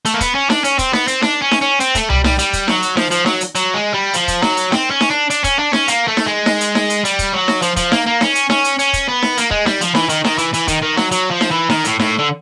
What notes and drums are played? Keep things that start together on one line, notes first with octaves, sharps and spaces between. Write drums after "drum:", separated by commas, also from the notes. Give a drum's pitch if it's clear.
A3, drum: hi-hat
A#3
B3, drum: kick, hi-hat
C#4
D4, drum: snare D#4
C#4, drum: hi-hat
C4, drum: kick, hi-hat
B3, drum: snare D#4
C4, drum: hi-hat
D4, drum: snare D#4
C#4
drum: snare D#4
C#4
C4, drum: hi-hat
A3, drum: kick, hi-hat
G3, drum: tom C2
G3, drum: snare D#4
G3, drum: hi-hat
drum: kick, hi-hat
F#3, drum: snare D#4
drum: hi-hat
F3, drum: snare D#4
F3, drum: hi-hat
F#3, drum: snare D#4
drum: hi-hat
F#3, drum: hi-hat
G#3
G3
F3, drum: hi-hat
drum: kick, hi-hat
F#3, drum: snare D#4
drum: hi-hat
C4, drum: snare D#4
C#4
drum: snare D#4
D4
D4, drum: hi-hat
C#4, drum: kick, hi-hat
D4
C#4, drum: snare D#4
A#3, drum: hi-hat
A3
drum: snare D#4
G#3
drum: snare D#4
drum: hi-hat
drum: snare D#4
drum: hi-hat
G3, drum: hi-hat
drum: kick, hi-hat
F#3
drum: snare D#4
F3, drum: hi-hat
F3, drum: kick, hi-hat
A#3, drum: snare D#4
A#3
C#4, drum: snare D#4
drum: hi-hat
C#4, drum: snare D#4
drum: hi-hat
C#4, drum: hi-hat
drum: kick, hi-hat
B3
drum: snare D#4
A#3, drum: hi-hat
G#3, drum: kick
G3, drum: snare D#4
F3, drum: hi-hat
E3, drum: snare D#4
D#3, drum: hi-hat
D#3, drum: snare D#4
E3, drum: hi-hat
E3, drum: hi-hat
D#3, drum: kick, hi-hat
D#3
F#3, drum: snare D#4
F#3, drum: hi-hat
F3
drum: snare D#4
E3
D#3, drum: snare D#4
A2, drum: hi-hat
A2, drum: snare D#4
D3